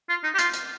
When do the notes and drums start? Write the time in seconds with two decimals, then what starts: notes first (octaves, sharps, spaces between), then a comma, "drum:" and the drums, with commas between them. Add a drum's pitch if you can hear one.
0.09 F4
0.24 D#4
0.35 G4
0.39 F4, drum: hi-hat
0.54 drum: hi-hat